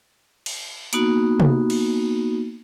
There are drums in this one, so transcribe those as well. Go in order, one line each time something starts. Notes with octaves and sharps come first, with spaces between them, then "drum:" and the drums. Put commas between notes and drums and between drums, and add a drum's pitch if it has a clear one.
drum: cymbal
A#3 B3 D#4 F#4, drum: hi-hat
drum: tom C3
drum: cymbal